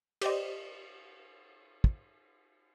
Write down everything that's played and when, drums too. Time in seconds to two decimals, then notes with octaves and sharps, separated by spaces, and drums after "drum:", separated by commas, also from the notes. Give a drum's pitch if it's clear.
0.21 G4 C5 D5 D#5, drum: cymbal
1.84 drum: kick